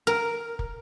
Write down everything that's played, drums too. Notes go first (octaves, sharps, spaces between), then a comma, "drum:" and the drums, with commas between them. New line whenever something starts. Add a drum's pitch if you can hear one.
A#4
drum: kick